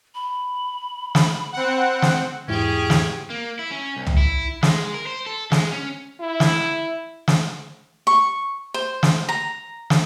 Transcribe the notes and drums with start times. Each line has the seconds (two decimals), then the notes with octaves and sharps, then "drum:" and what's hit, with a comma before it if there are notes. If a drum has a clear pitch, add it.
0.15 B5
1.15 drum: snare
1.53 C4 F#5
2.02 drum: snare
2.48 E2 G#2 C#4 E4 G4 G#4
2.90 drum: snare
3.30 A#3
3.59 E4
3.71 C#4
3.96 C2
4.07 drum: tom C2
4.18 E4
4.63 G#3, drum: snare
4.94 A#4
5.06 C5
5.26 A4
5.52 G#3, drum: snare
5.72 C#4
6.21 E4
6.40 drum: snare
7.28 drum: snare
8.07 C#6
8.74 C5
9.03 drum: snare
9.29 A#5
9.90 drum: snare